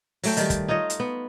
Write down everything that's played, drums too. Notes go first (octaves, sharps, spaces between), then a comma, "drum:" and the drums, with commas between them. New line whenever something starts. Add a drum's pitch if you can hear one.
F#3 A3 G5, drum: open hi-hat
D#3 G3, drum: hi-hat
drum: kick, hi-hat
D#4 F4 C#5 D#5
drum: hi-hat
B3